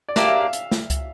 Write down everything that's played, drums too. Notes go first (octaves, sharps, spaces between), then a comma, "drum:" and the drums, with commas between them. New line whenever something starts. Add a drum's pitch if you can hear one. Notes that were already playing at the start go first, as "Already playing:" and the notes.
D5
A#3 D4 G4 E5, drum: snare
F5
E5
F5
drum: hi-hat
drum: snare
drum: kick C#2, hi-hat